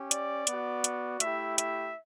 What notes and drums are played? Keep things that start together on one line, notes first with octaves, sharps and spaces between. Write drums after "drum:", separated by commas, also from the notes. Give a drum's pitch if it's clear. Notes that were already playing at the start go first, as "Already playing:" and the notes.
Already playing: C#4 G4
D5, drum: hi-hat
B3 F#4, drum: hi-hat
drum: hi-hat
A3 E4 G4 E5, drum: hi-hat
E5, drum: hi-hat